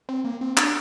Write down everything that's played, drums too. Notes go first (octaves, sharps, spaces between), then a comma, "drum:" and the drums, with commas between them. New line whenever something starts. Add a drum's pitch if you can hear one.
C4
A#3
C4
D4, drum: clap